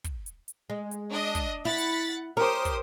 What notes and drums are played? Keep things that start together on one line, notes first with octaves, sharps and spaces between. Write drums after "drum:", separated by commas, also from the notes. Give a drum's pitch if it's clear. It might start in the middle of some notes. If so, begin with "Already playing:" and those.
drum: kick, hi-hat
drum: hi-hat
drum: hi-hat
G#3
drum: hi-hat
D4 D#5
drum: kick, hi-hat
E4 F#5 A6 B6
drum: hi-hat
G4 A#4 C5 C#5 D6 D#6
drum: kick, hi-hat